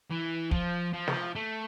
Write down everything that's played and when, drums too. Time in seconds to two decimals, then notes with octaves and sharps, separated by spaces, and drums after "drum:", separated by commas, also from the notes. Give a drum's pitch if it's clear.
0.10 E3
0.51 F3, drum: kick
0.93 F3
1.08 drum: snare
1.35 A3